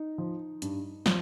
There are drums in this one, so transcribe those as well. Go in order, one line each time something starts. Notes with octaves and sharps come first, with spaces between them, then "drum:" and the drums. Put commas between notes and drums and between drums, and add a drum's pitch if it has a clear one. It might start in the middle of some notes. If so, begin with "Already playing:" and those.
Already playing: D#4
F3
G2, drum: hi-hat
F3, drum: snare